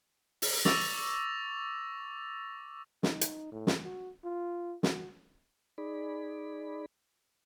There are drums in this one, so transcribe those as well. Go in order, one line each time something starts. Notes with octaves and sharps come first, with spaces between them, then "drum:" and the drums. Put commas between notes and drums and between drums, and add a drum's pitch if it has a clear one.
drum: open hi-hat
C#6 D6 E6 A6 A#6 F7, drum: snare
D#4, drum: snare
drum: hi-hat
A2
drum: snare
F#4
F4
F#4, drum: snare
D#4 G#4 D5 B5